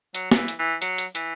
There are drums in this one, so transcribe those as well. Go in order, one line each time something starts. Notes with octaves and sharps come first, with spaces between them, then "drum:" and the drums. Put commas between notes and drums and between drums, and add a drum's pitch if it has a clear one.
F#3, drum: hi-hat
F#3, drum: snare
E3
drum: hi-hat
E3
F#3, drum: hi-hat
drum: hi-hat
E3, drum: hi-hat